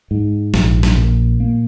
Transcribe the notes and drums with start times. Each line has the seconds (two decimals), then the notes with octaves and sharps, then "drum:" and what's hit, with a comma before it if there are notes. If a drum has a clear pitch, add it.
0.11 G#2
0.54 A#1, drum: snare
0.83 drum: snare
0.97 A#2
1.40 A#3